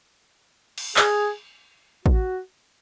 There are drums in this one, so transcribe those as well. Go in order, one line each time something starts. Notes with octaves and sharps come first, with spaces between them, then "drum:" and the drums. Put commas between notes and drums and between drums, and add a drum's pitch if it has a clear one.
drum: cymbal
G#4, drum: clap
F#4, drum: kick A1